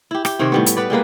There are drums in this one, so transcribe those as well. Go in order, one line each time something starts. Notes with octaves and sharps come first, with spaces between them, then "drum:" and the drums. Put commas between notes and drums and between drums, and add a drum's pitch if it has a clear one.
E4 G4
G4, drum: rim click
C3 D#3 C4 C#5
A2 G3 B3
drum: hi-hat
B3 B4 D5
G3 G#3 A#3 B4